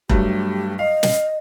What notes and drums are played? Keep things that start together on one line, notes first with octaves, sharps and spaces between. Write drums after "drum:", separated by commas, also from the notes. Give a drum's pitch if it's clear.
G2 F#3 A3 G4, drum: kick E1
D#5 F5
drum: snare